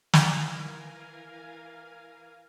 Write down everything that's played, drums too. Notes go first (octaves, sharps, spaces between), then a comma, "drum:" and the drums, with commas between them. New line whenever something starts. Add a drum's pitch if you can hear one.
E3 A#4 F5 G#5, drum: snare